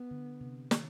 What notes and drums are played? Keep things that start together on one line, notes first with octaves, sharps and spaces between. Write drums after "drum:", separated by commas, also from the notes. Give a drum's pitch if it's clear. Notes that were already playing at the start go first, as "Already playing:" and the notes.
Already playing: B3
D3
C3
D#3, drum: snare